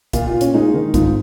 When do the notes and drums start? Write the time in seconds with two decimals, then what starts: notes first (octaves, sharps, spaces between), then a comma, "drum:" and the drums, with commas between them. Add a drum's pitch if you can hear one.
0.13 A#2 F4, drum: kick, hi-hat
0.27 F4
0.34 A#2
0.41 C#4, drum: hi-hat
0.54 G#3 D#4
0.74 D#3
0.94 G#2 F4, drum: kick, hi-hat